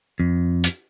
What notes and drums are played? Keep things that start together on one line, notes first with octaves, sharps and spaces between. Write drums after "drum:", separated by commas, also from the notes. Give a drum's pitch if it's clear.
F2
drum: hi-hat